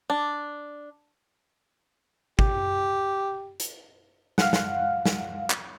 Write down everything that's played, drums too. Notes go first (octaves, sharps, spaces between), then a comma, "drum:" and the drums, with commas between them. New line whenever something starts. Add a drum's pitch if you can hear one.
D4
G4, drum: kick
drum: hi-hat
F5 F#5, drum: snare
drum: snare
drum: snare
drum: clap